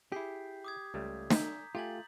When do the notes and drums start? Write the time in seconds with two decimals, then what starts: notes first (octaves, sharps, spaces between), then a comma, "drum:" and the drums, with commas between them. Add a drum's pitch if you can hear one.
0.12 E4 G4 G#4 G6 B6 C7
0.64 D6 D#6 G#6
0.94 C#2 G3 A3
1.30 E5 A#5 G6 B6, drum: snare
1.75 A3 F4 G4 G#5 G6 A6 F#7